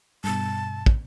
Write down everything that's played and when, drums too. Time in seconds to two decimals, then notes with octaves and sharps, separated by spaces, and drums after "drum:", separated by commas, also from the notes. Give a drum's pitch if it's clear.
0.24 G2 B2 A5
0.86 drum: kick